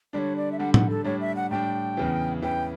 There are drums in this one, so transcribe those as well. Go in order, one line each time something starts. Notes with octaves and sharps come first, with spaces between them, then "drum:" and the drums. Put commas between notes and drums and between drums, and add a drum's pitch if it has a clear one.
D3 G3 D4 C#5 D5
D5
E5
D3 G3 D4 F#5
F#5, drum: tom A2
A4
A2 G3 D4 C#5
E5
F#5
A2 G3 D4 G5
E2 C#3 E3
E2 C#3 E3 G5